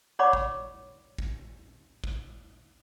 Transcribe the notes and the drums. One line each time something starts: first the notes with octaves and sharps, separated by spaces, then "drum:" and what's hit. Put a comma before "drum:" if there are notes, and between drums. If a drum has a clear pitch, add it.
C#5 D5 F#5 B5 C#6 D6
drum: kick
drum: kick
drum: kick